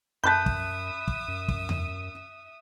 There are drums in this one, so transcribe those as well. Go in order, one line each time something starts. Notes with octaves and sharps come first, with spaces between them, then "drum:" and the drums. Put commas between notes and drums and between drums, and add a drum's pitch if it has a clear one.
F#2 E5 A5 B5 D#6 F#6 G6 B6
drum: kick
drum: kick
F#2
drum: kick
drum: tom E2